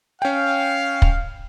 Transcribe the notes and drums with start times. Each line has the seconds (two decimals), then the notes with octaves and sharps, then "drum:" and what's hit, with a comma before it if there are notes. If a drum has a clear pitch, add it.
0.22 C#4 F5 G5
1.02 drum: kick